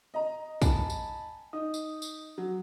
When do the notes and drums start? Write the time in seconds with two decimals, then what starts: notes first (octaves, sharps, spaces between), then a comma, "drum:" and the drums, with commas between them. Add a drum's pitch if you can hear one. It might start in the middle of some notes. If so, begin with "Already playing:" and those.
0.14 D#5 A#5
0.62 G#5 A5 B5, drum: kick, tambourine
0.90 drum: tambourine
1.53 D#4 D#6
1.74 drum: tambourine
2.02 drum: tambourine
2.38 F#3